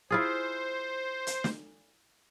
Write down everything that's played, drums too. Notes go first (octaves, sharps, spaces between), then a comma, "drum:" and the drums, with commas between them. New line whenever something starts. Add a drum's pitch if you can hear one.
E4 F4 G#4 C5
drum: hi-hat
drum: snare